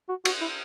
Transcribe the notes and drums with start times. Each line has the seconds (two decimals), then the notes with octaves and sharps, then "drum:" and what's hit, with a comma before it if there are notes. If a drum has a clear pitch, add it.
0.09 F#4
0.25 F#4, drum: cymbal
0.41 E4